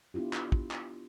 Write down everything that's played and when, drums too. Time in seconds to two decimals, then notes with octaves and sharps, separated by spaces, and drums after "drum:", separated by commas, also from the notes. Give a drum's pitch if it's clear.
0.14 B3 D4 E4 F4 G4
0.33 drum: clap
0.52 drum: kick
0.71 drum: clap